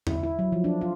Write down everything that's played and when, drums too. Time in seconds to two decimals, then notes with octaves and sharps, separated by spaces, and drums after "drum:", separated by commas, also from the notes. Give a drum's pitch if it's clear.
0.07 E4, drum: tom E2
0.23 E4
0.39 F#3
0.52 F3
0.64 D4
0.81 F4